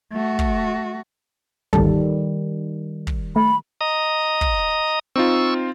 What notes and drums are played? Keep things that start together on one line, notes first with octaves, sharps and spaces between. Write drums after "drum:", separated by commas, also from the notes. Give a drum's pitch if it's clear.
A3 F#4
drum: kick
G#1 D2 D#3 G3 A4, drum: kick
drum: kick
A3 B5
D#5 A#5 D#6
drum: kick
C4 D#4 F4 C#6 E6